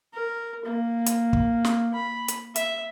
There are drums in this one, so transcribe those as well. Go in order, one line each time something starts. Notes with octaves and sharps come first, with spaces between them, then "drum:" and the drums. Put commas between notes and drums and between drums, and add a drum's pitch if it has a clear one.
A#4
A#3
drum: hi-hat
drum: kick
drum: snare
B5
drum: hi-hat
E5, drum: hi-hat